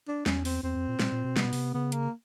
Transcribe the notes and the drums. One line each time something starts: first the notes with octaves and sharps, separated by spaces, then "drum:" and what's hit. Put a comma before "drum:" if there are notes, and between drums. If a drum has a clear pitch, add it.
D4
E2 C#4, drum: snare
C4, drum: open hi-hat
E2 C4
F2
A#2
A#2, drum: snare
A#2
B2
C3 B3, drum: snare
B2
C3, drum: open hi-hat
C#3 B3
A#3, drum: hi-hat